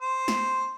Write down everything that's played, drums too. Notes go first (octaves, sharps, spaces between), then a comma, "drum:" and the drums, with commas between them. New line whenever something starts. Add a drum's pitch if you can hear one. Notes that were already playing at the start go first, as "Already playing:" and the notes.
C5
drum: snare